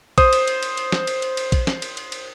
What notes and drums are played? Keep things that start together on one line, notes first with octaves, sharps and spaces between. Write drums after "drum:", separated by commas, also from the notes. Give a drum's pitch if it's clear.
C5 D#6, drum: kick A#1, cymbal
drum: cymbal
drum: cymbal
drum: cymbal
drum: cymbal
drum: snare
drum: cymbal
drum: cymbal
drum: cymbal
drum: kick A#1, cymbal
drum: snare
drum: cymbal
drum: cymbal
drum: cymbal